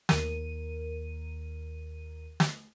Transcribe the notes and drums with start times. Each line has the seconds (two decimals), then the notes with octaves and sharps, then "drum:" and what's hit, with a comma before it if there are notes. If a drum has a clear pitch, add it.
0.09 D#2 A#4 D#7, drum: snare
2.40 drum: snare